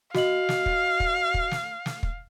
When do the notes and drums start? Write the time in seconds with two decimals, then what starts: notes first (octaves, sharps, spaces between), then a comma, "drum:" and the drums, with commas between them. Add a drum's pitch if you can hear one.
0.14 F#4 D#5 F5 F#7, drum: snare
0.49 drum: snare
0.66 drum: kick
1.00 drum: kick
1.34 drum: kick
1.51 drum: snare
1.86 drum: snare
2.03 drum: kick